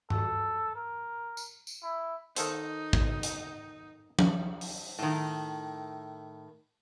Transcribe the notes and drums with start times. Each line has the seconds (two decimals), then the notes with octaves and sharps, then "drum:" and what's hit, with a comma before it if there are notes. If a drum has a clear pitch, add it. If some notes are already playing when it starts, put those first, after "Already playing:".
0.10 A4, drum: tom G2
0.76 A#4
1.37 drum: tambourine
1.67 drum: tambourine
1.83 E4
2.36 D#3 D#4 A4 C5, drum: hi-hat
2.93 drum: kick
3.23 drum: hi-hat
4.19 drum: tom F3
4.61 drum: open hi-hat
4.99 A2 D#3